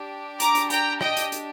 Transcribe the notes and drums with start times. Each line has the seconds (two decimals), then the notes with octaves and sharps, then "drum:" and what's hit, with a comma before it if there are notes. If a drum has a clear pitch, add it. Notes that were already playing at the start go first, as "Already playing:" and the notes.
Already playing: D4 G4
0.40 A#5 D6, drum: hi-hat
0.55 drum: hi-hat
0.70 G5 A#5, drum: hi-hat
1.01 D#5 G5, drum: rim click
1.17 drum: hi-hat
1.32 drum: hi-hat